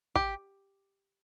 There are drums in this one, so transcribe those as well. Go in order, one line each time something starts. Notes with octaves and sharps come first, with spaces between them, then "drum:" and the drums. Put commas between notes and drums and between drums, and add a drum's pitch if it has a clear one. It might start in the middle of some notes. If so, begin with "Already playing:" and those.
G4, drum: kick